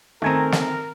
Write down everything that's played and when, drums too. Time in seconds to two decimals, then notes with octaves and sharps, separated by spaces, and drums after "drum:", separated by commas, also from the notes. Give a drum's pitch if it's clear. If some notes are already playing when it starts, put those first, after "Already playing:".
0.22 D#3 A3 C4 A#4 G#5 A#5
0.52 drum: snare